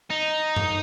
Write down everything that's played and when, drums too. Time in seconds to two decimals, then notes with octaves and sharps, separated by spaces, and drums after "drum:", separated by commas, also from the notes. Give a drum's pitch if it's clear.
0.10 D#4
0.56 drum: tom G2